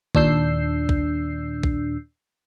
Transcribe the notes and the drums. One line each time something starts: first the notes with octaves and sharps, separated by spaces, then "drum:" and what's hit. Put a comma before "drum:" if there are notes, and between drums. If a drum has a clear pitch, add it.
D#2 A#2 D4 E6 G6 C7, drum: kick A#1
drum: kick A#1
drum: kick A#1